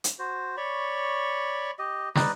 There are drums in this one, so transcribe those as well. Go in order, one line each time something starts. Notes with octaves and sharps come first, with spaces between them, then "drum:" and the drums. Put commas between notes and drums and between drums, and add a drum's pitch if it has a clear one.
drum: hi-hat
F#4 C5
C#5 D5 B5 C#6
G4 D#5
D#4 B4 D5 D#5, drum: snare